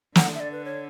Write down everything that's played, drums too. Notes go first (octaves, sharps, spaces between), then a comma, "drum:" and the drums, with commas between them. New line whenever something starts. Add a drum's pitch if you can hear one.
D3 F#5, drum: snare
E5
D5
B4
C#5